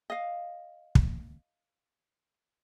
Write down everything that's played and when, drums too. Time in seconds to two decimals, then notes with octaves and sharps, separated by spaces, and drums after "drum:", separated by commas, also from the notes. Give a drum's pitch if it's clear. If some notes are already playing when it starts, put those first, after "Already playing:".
0.10 D#5 F5
0.95 drum: kick